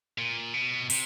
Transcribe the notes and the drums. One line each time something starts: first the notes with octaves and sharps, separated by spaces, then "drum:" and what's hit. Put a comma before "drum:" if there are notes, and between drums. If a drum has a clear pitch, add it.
A#2
B2
C3, drum: open hi-hat